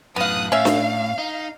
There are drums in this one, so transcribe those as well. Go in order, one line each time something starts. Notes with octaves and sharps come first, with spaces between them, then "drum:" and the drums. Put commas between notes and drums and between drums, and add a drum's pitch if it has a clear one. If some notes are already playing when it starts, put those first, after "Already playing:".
F#2 A2 B3 F5 D#6 F#6
A2 C#4 E5 F5
drum: snare D4
D#4